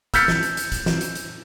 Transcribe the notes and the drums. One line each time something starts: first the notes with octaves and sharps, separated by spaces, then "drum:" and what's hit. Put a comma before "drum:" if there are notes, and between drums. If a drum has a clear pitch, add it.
E6 F6 G6 A6 B6 C#7, drum: kick, hi-hat
drum: snare
drum: hi-hat
drum: hi-hat
drum: kick, hi-hat
drum: snare
drum: hi-hat
drum: hi-hat